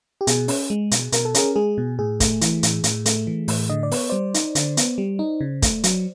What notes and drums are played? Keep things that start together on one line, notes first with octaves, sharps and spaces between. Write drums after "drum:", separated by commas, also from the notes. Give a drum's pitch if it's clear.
G4
B2 G#4, drum: hi-hat
C#4, drum: open hi-hat
G#3
B2, drum: hi-hat
B2 A#4, drum: hi-hat
A4
C#4 G#4 A#4, drum: hi-hat
G#3 G#4
B2
A2 G#4
A3, drum: kick, hi-hat
E3, drum: hi-hat
A2, drum: hi-hat
A2, drum: hi-hat
A3, drum: hi-hat
E3
A2, drum: open hi-hat
D3 D#5
D5
B3, drum: open hi-hat
C#5
G3 C5 D5
D#4, drum: hi-hat
D3, drum: hi-hat
B3, drum: hi-hat
G3
D#4
C#3
A3, drum: kick, hi-hat
F#3, drum: hi-hat